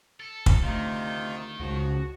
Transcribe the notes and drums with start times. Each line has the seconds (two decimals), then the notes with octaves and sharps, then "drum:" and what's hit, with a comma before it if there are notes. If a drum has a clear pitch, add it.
0.20 A4
0.46 drum: kick
0.63 D2 C3 D#3 D#4 F4
1.60 C#2 F3 F#4